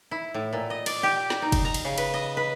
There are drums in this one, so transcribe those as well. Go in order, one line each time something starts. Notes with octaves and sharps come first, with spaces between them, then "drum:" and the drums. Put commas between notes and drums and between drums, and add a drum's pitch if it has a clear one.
E4
A2
A#2
D#5
D5, drum: cymbal
G4
drum: snare
D#4
drum: kick F1, cymbal
A#5
drum: cymbal
C#3
B4, drum: cymbal
D#5
B4